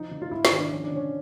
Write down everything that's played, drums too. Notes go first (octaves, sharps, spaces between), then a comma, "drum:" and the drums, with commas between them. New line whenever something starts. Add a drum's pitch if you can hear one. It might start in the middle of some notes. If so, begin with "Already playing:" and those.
Already playing: F3 D#4
D3
F4
G#2 E4
D#4, drum: snare
D#3
D4
F3 C#4
D4
D3 C#4